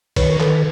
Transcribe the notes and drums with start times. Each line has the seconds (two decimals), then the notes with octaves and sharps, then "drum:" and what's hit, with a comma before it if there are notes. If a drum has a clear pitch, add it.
0.16 D#3 B4 C#5, drum: kick, cymbal
0.29 A#4
0.40 D#3 A4 B4, drum: clap